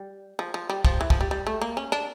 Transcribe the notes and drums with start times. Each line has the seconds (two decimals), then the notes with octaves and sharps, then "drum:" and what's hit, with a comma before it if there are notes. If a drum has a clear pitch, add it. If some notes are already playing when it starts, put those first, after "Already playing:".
Already playing: G3
0.39 F3
0.54 F3
0.70 G3
0.85 F3, drum: kick
1.01 E3
1.10 F3, drum: kick
1.21 G3
1.31 G3
1.47 A3
1.61 A#3
1.77 C#4
1.92 D4